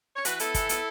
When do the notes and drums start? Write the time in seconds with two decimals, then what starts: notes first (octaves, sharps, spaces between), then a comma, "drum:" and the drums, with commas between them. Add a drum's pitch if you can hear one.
0.16 C#5
0.25 E3 F#4 B4, drum: hi-hat
0.39 B3 E4 A4, drum: hi-hat
0.54 E3, drum: kick, hi-hat
0.69 B3, drum: hi-hat